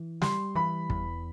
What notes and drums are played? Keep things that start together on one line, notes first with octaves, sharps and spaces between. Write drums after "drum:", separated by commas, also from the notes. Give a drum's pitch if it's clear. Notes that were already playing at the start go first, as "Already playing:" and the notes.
Already playing: E3
G3 C6, drum: snare
E3 B5
E2, drum: kick